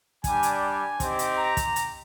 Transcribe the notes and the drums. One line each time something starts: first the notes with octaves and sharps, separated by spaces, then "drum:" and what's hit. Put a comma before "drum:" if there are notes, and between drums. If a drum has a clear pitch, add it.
G3 D4 G4 G#5, drum: kick, hi-hat
drum: hi-hat
G#5
C4 D#4 G4, drum: kick, hi-hat
drum: hi-hat
A#5
drum: kick, hi-hat
drum: hi-hat